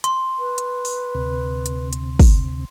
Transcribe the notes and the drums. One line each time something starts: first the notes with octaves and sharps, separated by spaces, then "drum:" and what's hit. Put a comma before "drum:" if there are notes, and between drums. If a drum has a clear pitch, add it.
C6, drum: hi-hat
B4
drum: hi-hat
drum: open hi-hat
D2 C3
drum: hi-hat
drum: hi-hat
drum: kick, open hi-hat